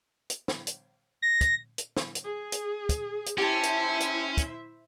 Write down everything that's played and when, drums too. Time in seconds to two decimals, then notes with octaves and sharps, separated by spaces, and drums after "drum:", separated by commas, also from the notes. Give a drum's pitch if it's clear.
0.30 drum: hi-hat
0.48 drum: snare
0.67 drum: hi-hat
1.22 A#6
1.41 drum: kick, hi-hat
1.78 drum: hi-hat
1.97 drum: snare
2.15 drum: hi-hat
2.26 G#4
2.52 drum: hi-hat
2.89 drum: kick, hi-hat
3.26 drum: hi-hat
3.38 C#4 E4 G4 C5 E5 A5
3.63 drum: hi-hat
4.00 drum: hi-hat
4.37 drum: kick, hi-hat